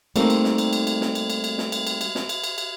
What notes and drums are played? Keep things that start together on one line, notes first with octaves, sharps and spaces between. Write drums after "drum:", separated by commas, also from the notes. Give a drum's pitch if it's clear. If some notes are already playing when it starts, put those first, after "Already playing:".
G3 A3 A#3 C4 D#4, drum: cymbal
drum: cymbal
drum: snare
drum: cymbal
drum: cymbal
drum: cymbal
drum: snare
drum: cymbal
drum: cymbal
drum: cymbal
drum: snare
drum: cymbal
drum: cymbal
drum: cymbal
drum: snare
drum: cymbal
drum: cymbal
drum: cymbal